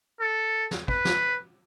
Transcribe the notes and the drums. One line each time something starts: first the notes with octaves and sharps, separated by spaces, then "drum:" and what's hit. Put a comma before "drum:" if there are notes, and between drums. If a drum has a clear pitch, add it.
A4
drum: snare
B4, drum: kick
drum: snare